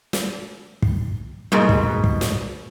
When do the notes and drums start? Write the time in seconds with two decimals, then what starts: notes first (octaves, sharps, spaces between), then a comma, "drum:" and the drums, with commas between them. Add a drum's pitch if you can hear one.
0.13 drum: snare
0.82 drum: kick
1.52 G#2 B2 G3 A#3 G#4
1.69 drum: kick
2.04 drum: kick
2.21 drum: snare